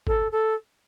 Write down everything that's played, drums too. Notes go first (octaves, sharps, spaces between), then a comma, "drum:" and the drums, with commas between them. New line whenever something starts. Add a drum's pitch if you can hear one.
A4, drum: kick
A4